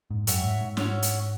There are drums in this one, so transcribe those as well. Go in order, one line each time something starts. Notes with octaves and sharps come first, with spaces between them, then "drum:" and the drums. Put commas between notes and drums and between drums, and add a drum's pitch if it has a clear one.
G#2
F#2 F#4 C#5 E5, drum: hi-hat
G#2
G#2
C#4 F#4 C#5 E5, drum: snare
drum: hi-hat